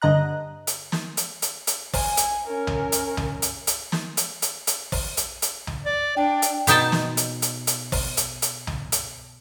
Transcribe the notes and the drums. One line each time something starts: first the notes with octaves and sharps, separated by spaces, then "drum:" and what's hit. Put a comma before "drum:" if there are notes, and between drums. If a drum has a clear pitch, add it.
G2 D3 D#5 A#5 F#6
drum: hi-hat
drum: snare
drum: hi-hat
drum: hi-hat
drum: hi-hat
G#5, drum: kick, open hi-hat
drum: hi-hat
C#4 A#4
drum: tom C2
drum: hi-hat
drum: tom C2
drum: hi-hat
drum: hi-hat
drum: snare
drum: hi-hat
drum: hi-hat
drum: hi-hat
drum: kick, open hi-hat
drum: hi-hat
drum: hi-hat
drum: tom C2
D5
D4 G5
drum: hi-hat
B2 D#4 G5 A5, drum: hi-hat
drum: snare
drum: hi-hat
drum: hi-hat
drum: hi-hat
drum: kick, open hi-hat
drum: hi-hat
drum: hi-hat
drum: tom C2
drum: hi-hat